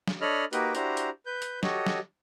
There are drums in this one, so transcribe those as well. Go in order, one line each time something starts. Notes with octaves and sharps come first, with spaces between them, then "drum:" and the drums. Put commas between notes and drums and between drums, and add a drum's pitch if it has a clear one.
drum: snare
D4 A4 C#5 D#5 B5 F6
A#3 D#4 F#4 G4 A#4 B4, drum: hi-hat
D4 E4 F#4 G4 C5 A#5, drum: hi-hat
drum: hi-hat
B4 G6
drum: hi-hat
F#4 G4 A4 C#5 D#5, drum: snare
drum: snare